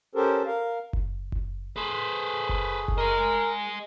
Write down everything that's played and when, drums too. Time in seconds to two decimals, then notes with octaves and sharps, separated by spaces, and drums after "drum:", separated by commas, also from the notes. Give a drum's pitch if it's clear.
0.15 C#4 G4 A4 A#4 C5
0.46 A#4 F5
0.93 drum: kick F#1
1.32 drum: kick F#1
1.76 A3 G#4 B4 C5
2.49 drum: kick F#1
2.88 drum: kick F#1
2.98 A#4 D#5 G#5